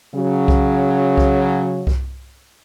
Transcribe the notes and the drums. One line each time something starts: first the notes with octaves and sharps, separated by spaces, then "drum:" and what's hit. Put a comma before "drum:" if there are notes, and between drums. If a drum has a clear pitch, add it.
C#3 F#3
drum: kick C2
drum: kick C2
drum: kick C2